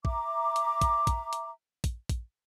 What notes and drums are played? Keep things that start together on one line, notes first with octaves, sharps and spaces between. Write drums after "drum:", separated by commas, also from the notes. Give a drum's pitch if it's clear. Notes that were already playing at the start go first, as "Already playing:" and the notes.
E5 A#5 D6, drum: kick
drum: hi-hat
drum: kick, hi-hat
drum: kick, hi-hat
drum: hi-hat
drum: kick, hi-hat
drum: kick, hi-hat